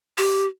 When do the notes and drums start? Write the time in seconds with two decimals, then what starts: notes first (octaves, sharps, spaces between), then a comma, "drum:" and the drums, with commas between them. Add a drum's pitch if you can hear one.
0.18 G4, drum: open hi-hat